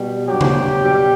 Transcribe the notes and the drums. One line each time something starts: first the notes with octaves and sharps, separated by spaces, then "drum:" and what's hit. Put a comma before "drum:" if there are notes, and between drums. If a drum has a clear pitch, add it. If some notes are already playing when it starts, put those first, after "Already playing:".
Already playing: B2 G3
G2 F#3 G4
drum: tom C#3
B2 G3